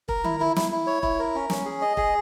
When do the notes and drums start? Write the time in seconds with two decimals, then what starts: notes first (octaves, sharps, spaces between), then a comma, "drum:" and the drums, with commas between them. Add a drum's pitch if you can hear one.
0.09 A#4, drum: kick E1
0.24 E4, drum: tom D#3
0.40 E4
0.56 E4, drum: snare
0.72 E4
0.87 C#5
1.03 E4, drum: kick E1
1.19 A#4
1.35 C#4
1.50 C#4, drum: snare
1.66 G#4
1.82 D#5
1.97 G#4, drum: kick E1